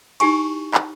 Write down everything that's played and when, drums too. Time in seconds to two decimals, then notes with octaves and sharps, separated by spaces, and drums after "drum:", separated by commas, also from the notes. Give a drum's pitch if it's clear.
0.20 D#4 E4 G4 G#5 C#6, drum: cymbal
0.74 drum: clap